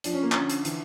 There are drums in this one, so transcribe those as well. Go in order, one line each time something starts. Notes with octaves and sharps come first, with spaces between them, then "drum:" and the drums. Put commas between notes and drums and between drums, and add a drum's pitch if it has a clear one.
F3 D4, drum: hi-hat
C#4
A#3
D3 C#4, drum: clap
drum: hi-hat
D3 E3, drum: hi-hat